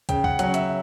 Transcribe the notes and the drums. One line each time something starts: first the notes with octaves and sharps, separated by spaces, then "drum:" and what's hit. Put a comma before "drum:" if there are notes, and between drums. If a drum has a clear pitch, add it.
C#3 G5, drum: kick, hi-hat
F#5, drum: kick
F#3 C#4 F#5, drum: hi-hat
E5, drum: hi-hat